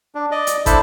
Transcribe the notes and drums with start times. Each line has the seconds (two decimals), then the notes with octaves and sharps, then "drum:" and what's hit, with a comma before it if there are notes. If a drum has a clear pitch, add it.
0.15 D4
0.31 D5 D#5
0.47 drum: hi-hat
0.66 D4 E4 A4 C5 A5 B5, drum: kick, hi-hat